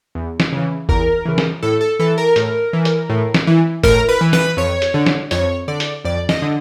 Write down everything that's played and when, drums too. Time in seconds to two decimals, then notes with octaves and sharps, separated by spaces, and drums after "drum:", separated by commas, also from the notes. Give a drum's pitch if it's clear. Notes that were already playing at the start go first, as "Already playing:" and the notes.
0.15 E2
0.40 drum: snare
0.52 C#3 E3
0.89 E2 A#4, drum: kick G1
1.25 C#3 E3
1.38 drum: snare
1.63 A2 A4
1.81 A4
2.00 E3 A4
2.18 A#4
2.36 A2, drum: hi-hat
2.73 E3
2.85 drum: hi-hat
3.09 A2
3.34 drum: snare
3.47 E3
3.83 A2 A#4, drum: kick G1, hi-hat
4.09 B4
4.21 E3
4.33 B4, drum: snare
4.57 F2 C#5
4.82 drum: hi-hat
4.94 D3
5.06 drum: snare
5.31 F2 C#5, drum: hi-hat
5.68 D3 D5
5.80 drum: hi-hat
6.05 F2 D5
6.29 D#5, drum: snare
6.42 D3